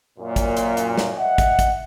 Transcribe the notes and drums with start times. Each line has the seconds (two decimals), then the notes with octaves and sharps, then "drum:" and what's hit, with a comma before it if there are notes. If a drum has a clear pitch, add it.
0.19 F#2 A#2
0.36 drum: kick, hi-hat
0.57 drum: hi-hat
0.77 drum: hi-hat
0.97 drum: snare
1.18 D#5 E5 F#5
1.38 drum: kick, hi-hat
1.59 drum: kick, hi-hat